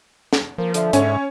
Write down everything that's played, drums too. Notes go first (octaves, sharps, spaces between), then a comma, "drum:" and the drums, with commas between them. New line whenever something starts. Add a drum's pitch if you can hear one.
drum: snare
F3 A#3 F4
D3 E5, drum: hi-hat
G#2 C#4, drum: hi-hat